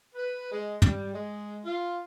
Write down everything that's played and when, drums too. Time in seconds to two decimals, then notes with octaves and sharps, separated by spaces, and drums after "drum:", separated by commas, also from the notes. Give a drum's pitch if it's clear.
0.15 B4
0.51 G#3
0.82 G3, drum: tom
1.13 G#3
1.64 F4